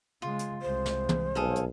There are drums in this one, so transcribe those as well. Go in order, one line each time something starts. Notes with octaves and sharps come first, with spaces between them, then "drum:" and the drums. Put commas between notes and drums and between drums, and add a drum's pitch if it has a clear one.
C#3 G#3 F4
drum: hi-hat
C2 G#3 C5
drum: snare
drum: tom
B1 G#4 A4 F5
drum: hi-hat